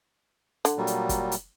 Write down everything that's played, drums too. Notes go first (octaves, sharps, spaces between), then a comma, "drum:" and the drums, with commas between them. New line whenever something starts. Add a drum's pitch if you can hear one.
D3, drum: hi-hat
A#2 F#3 G3
drum: hi-hat
drum: kick, hi-hat
drum: hi-hat